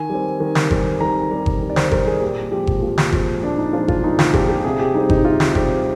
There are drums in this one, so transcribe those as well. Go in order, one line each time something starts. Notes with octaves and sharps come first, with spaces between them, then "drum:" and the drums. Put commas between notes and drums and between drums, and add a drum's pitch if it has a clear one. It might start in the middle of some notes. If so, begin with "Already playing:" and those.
Already playing: D#3 G#5
G3 C4
D#3
drum: snare
G3 C4, drum: kick G1
D#3 A#5
G3 C4
drum: kick G1
D#3
D5
C5, drum: snare
G3 C4 A#4, drum: kick G1
G#4
A#2 G4
F3 G#3 C4 G4
drum: kick G1
A#2 F4
drum: snare
F3 G#3 C4, drum: kick G1
A#2 D4
D#4
F3 G#3 C4 F4
F4, drum: kick G1
A#2 D#4
F4, drum: snare
F3 G#3 C4 G4, drum: kick G1
G4
C3 G#4
G4
G3 C4 D#4
D#4, drum: kick G1
C3 F4
drum: snare
G3 C4 G4, drum: kick G1